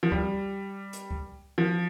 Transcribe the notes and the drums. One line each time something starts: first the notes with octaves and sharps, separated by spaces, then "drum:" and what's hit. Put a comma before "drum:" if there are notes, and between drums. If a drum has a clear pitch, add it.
F3
G3, drum: kick C#2
drum: hi-hat
drum: kick C#2
F3